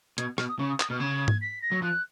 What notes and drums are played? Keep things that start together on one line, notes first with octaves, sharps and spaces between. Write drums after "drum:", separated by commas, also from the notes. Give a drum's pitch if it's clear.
B2 G#6, drum: hi-hat
B2 F6, drum: rim click
D#6
C#3 C#6
D#6
D#6, drum: clap
B2 F6
C#3 G#6
drum: tom G#2
B6
A#6
F#3
F3 F#6